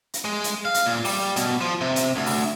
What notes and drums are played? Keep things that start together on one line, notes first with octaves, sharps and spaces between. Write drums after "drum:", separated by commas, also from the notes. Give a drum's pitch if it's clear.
drum: hi-hat
G#3
drum: hi-hat
F5
drum: hi-hat
A#2
G3, drum: open hi-hat
B2, drum: hi-hat
F3
C3
drum: hi-hat
D2
drum: open hi-hat